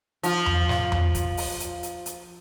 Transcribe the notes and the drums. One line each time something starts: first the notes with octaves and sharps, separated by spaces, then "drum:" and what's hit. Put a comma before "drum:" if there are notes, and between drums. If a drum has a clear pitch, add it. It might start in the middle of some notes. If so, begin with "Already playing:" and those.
F3 F4, drum: hi-hat
drum: tom E2
drum: snare
drum: tom E2
drum: kick, hi-hat
drum: open hi-hat
drum: hi-hat
drum: hi-hat
drum: hi-hat